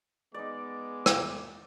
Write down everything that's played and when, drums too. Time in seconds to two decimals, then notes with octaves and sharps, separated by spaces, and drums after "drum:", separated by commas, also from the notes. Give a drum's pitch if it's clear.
0.34 G#3 B3 D#4 D5 D6
1.06 drum: rim click